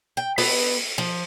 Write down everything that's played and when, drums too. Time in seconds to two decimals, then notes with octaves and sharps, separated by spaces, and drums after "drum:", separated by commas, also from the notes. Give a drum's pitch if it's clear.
0.17 G5
0.38 B3, drum: open hi-hat
0.98 F3